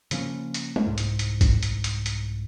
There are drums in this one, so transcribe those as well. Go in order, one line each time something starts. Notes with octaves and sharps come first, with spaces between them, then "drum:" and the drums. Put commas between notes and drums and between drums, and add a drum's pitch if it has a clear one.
C#3 F3 A#3 C#4, drum: hi-hat
drum: hi-hat
drum: tom
C2 G#2
drum: hi-hat
drum: hi-hat
drum: kick, hi-hat
drum: hi-hat
drum: hi-hat
drum: hi-hat